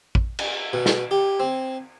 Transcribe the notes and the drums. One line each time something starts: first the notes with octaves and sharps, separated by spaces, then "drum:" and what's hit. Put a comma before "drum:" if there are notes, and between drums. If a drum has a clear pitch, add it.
drum: kick A1
drum: cymbal
B2
drum: snare
G4
C4